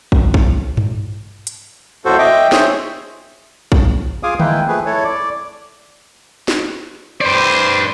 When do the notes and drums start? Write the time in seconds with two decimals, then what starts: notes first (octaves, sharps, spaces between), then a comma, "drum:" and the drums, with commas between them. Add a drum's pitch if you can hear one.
0.12 drum: kick
0.34 drum: kick
0.77 drum: tom G2
1.47 drum: hi-hat
2.05 F2 A2 F#4 A4 C5
2.19 D#5 E5 G5 D6
2.52 G#4 C5 C#5 E5, drum: snare
3.72 drum: kick
4.23 F4 G#4 F5 G#5 D6 D#6
4.40 G#3 A#3 E4 B4 G5, drum: tom D3
4.68 F3 A3 G#4 B4
4.86 E4 A4 C#5
5.04 D5
6.48 drum: snare
7.21 B4 C5 D5